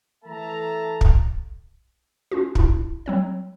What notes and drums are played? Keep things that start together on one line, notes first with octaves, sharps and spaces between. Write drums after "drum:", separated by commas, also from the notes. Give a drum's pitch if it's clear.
E3 A3 A4 E5 A5 A#5
drum: kick
C#4 F4 F#4
D4 E4, drum: kick
F#3 C4 C#5